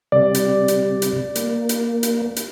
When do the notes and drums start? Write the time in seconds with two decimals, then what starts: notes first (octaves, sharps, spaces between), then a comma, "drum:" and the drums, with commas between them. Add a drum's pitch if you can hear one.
0.12 C3 G3 D5
0.34 drum: hi-hat
0.68 drum: hi-hat
1.02 drum: hi-hat
1.35 A#3, drum: hi-hat
1.69 drum: hi-hat
2.03 drum: hi-hat
2.36 drum: hi-hat